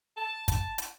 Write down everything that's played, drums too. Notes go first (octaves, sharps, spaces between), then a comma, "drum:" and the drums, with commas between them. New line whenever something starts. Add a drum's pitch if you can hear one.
A5
drum: kick, hi-hat
drum: hi-hat